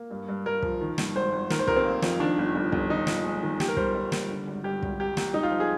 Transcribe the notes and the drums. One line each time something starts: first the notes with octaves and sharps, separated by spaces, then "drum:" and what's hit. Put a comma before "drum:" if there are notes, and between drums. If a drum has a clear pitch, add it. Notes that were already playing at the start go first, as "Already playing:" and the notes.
Already playing: A#3
G2
G2
G2 A#4
F3, drum: kick
D#3
G2, drum: snare
G#1 C5
G#1
D#3 A#4, drum: snare
C5
F1 A#4, drum: kick
C4
A#3
F2, drum: snare
D#3 D4
G1
G1
G1, drum: kick
D#3 D#4
A#1, drum: snare
G#3
D#3
G1 G4, drum: snare
A#4
G3 C5, drum: kick
G1
G3, drum: snare
D3
G#1
G2 G4
G#1, drum: kick
C2 G4
C2, drum: snare
C2 D#4
F4
F3
G#4